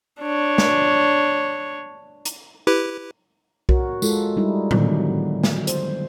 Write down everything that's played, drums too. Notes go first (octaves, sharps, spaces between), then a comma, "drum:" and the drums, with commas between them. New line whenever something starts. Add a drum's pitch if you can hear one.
D4 C#5
drum: snare
drum: hi-hat
E4 G4 B4
F#4 A#4 C#5, drum: kick B1
G#3 F4 A4, drum: tambourine
G3 D#4 E4
D3 D#3 F#3 B3, drum: tom A2
drum: snare
C5, drum: hi-hat